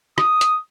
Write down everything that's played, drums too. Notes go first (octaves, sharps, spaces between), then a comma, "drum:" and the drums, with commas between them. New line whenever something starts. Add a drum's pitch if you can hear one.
D#6, drum: rim click
drum: hi-hat